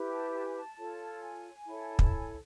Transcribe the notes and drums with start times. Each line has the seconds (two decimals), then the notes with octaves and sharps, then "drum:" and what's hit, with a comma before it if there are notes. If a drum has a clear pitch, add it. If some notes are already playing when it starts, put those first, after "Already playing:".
Already playing: E4 G4 B4
0.11 A5
0.33 A5
0.44 G#5
0.56 A5
0.78 F4 A4 C#5
1.22 G#5
1.65 E4 A4 C#5
1.99 A5, drum: kick
2.10 G#5